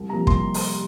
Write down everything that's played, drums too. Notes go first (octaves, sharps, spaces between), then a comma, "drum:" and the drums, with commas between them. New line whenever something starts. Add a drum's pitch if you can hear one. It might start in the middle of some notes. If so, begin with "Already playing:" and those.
Already playing: C2
C3 F3 A#3 A#5
C2 C6, drum: kick
drum: open hi-hat